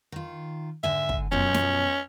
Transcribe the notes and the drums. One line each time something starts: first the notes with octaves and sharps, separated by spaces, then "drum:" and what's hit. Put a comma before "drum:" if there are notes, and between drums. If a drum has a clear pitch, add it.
D#3 F4
G#2 D3 E5 G#5
drum: kick
F#2 B2 F3 C#4
drum: snare